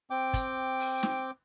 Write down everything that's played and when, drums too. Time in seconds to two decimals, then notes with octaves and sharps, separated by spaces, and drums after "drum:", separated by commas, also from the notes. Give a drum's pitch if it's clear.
0.10 C4 G5 D6
0.33 drum: kick, hi-hat
0.80 drum: open hi-hat
1.03 drum: snare